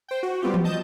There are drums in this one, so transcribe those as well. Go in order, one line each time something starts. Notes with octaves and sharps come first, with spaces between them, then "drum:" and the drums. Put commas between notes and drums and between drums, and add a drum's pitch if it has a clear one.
C5 G5
F#4
G3 B3 C4 F4 G4
drum: tom E3
D#5 A5 G6